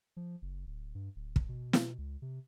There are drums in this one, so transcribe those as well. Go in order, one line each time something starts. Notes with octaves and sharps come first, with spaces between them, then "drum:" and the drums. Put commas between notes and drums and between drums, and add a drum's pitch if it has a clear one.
F3
F#1
D1
G2
D1
drum: kick
B2
drum: snare
C#2
C3